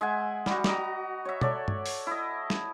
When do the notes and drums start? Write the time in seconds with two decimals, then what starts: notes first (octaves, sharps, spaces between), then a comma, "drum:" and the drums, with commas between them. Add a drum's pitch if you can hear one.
0.01 G#3 E5 F#5 G#5
0.46 G3 F#4, drum: snare
0.64 F#4 D#5 A#5, drum: snare
1.25 C#5 E5
1.41 A4 C#5 D5, drum: tom B2
1.68 drum: tom G2
1.86 drum: open hi-hat
2.07 E4 D#5
2.50 drum: snare